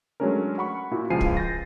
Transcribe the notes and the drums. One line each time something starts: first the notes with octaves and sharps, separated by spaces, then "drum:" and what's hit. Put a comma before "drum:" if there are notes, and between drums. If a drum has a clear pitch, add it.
F#3 G#3 A3 C#4 D4 A#4
F#5 B5 C#6
A#2 E4 F#4
C#2 F3 F5 G#5 C7 D#7
drum: kick
G6 A6 A#6